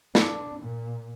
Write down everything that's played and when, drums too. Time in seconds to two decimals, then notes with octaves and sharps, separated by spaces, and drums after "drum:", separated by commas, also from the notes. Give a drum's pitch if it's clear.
0.15 D4, drum: snare
0.60 A#2